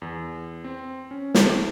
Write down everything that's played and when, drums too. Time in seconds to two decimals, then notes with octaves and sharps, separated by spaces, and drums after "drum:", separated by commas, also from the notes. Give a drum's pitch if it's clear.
0.02 E2
0.64 C4
1.11 C#4
1.34 A3, drum: snare